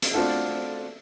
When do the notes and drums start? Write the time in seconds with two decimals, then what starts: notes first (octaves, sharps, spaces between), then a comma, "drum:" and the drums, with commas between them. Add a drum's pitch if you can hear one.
0.02 drum: hi-hat
0.14 A3 C4 D4 F4 F#4 A4